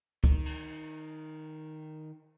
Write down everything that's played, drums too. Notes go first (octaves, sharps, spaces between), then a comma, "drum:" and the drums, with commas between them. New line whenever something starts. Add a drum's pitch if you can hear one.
D#3, drum: kick
drum: cymbal